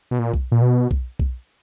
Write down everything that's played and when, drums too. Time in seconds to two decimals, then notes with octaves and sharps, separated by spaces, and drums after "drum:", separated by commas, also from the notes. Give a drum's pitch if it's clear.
0.11 B2
0.19 A#2
0.34 drum: kick B1
0.52 A#2
0.62 B2
0.91 drum: kick B1
1.19 drum: kick B1